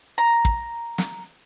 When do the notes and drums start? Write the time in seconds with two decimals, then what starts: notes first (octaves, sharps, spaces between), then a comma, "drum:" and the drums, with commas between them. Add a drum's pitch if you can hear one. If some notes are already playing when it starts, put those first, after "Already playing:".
0.18 A#5
0.45 drum: kick
0.98 drum: snare